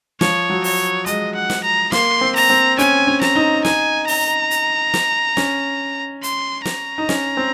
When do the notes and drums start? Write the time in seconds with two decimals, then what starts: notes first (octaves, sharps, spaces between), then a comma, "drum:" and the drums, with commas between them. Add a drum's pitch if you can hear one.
0.21 F3 C#5, drum: snare
0.50 F#3
0.64 C#5, drum: open hi-hat
1.06 G#3 D#5, drum: hi-hat
1.35 F#5
1.50 drum: snare
1.64 A#5
1.92 A#3 C6, drum: snare
2.21 C4
2.36 A#5, drum: open hi-hat
2.50 C4
2.78 C#4 G#5, drum: hi-hat
3.07 C#4
3.21 A#5, drum: snare
3.36 D#4
3.65 D#4 G#5, drum: snare
4.08 A#5, drum: open hi-hat
4.51 drum: hi-hat
4.94 drum: snare
5.37 C#4, drum: snare
6.23 C6, drum: hi-hat
6.65 A#5, drum: snare
6.98 D#4
7.09 C#4, drum: snare
7.37 C4